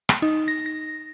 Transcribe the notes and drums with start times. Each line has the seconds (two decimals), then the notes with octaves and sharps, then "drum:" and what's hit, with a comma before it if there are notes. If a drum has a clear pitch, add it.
0.09 drum: rim click
0.22 D#4
0.48 A#6
0.66 A#6